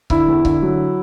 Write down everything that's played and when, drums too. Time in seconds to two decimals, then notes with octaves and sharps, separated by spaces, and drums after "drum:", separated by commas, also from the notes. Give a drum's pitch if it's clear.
0.10 D3 E4, drum: kick C#1
0.28 E2
0.45 D3, drum: kick C#1
0.62 F#3